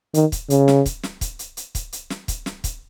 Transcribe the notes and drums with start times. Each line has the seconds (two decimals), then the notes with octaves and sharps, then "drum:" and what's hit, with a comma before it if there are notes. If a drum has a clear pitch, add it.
0.14 D#3, drum: hi-hat
0.32 drum: kick, hi-hat
0.50 C#3, drum: hi-hat
0.68 drum: snare
0.86 drum: kick, hi-hat
1.03 drum: snare
1.21 drum: kick, hi-hat
1.39 drum: hi-hat
1.57 drum: hi-hat
1.75 drum: kick, hi-hat
1.93 drum: hi-hat
2.10 drum: snare
2.28 drum: kick, hi-hat
2.46 drum: snare
2.64 drum: kick, hi-hat